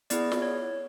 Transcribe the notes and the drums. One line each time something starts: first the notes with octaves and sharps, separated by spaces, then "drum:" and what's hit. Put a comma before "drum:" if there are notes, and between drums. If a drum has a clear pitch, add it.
B3 E4 G#4 D5, drum: hi-hat
drum: snare
C#5